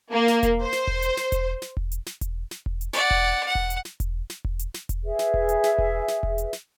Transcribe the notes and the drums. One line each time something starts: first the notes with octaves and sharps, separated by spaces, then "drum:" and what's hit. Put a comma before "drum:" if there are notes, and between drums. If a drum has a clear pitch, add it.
A#3
drum: snare
drum: kick E1, hi-hat
C5
drum: snare
drum: kick E1
drum: hi-hat
drum: snare
drum: kick E1, hi-hat
drum: snare
drum: kick E1
drum: hi-hat
drum: snare
drum: kick E1, hi-hat
drum: snare
drum: kick E1
drum: hi-hat
D5 F#5, drum: snare
drum: kick E1
F#5
drum: kick E1
drum: hi-hat
drum: snare
drum: kick E1, hi-hat
drum: snare
drum: kick E1
drum: hi-hat
drum: snare
drum: kick E1, hi-hat
G#4 B4 E5
drum: snare
drum: kick E1
drum: hi-hat
drum: snare
drum: kick E1
drum: snare
drum: kick E1
drum: hi-hat
drum: snare